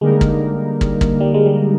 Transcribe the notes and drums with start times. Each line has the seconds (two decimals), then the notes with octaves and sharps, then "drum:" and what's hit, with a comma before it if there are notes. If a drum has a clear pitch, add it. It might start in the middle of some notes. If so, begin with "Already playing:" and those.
0.01 D3 G3 G#3 A#3 D#4 A#4
0.21 drum: kick
0.81 drum: kick
1.01 drum: kick
1.20 G3
1.34 G#3
1.46 G3